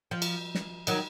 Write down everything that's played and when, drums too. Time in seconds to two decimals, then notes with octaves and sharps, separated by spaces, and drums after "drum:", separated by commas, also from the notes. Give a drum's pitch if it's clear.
0.11 F3
0.22 drum: cymbal
0.55 drum: snare
0.87 D#3 F#3, drum: cymbal